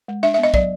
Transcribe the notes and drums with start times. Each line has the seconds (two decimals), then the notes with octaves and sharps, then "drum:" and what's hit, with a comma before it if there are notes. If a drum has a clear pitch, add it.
0.08 G#3
0.23 D4 E5
0.34 E5
0.38 B3
0.43 D#5
0.54 F#3 D5, drum: kick